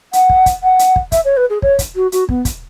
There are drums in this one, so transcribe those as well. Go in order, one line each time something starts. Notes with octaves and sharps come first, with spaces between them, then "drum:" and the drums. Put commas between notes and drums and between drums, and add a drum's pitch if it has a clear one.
F#5, drum: hi-hat
drum: kick
drum: kick, hi-hat
F#5
drum: hi-hat
drum: kick
E5, drum: kick, hi-hat
C#5
B4
G#4
C#5, drum: kick
drum: kick, hi-hat
F#4
F#4, drum: hi-hat
B3, drum: kick
drum: kick, hi-hat